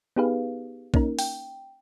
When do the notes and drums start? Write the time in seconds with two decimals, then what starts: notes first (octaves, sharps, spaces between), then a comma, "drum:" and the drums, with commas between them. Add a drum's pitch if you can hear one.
0.16 B3 D#4 G4 G#4 B4 F5
0.94 A#3 C#4 D#4 A#4, drum: kick
1.19 G5, drum: open hi-hat